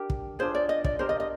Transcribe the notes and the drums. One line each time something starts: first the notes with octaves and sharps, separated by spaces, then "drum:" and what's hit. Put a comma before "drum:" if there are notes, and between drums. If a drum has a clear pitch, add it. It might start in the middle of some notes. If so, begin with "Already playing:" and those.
Already playing: D4 G4 A#4
drum: kick
D4 F4 G#4 C5
D5
D#5
D5, drum: kick
D4 G4 A#4 C5
D#5
D#5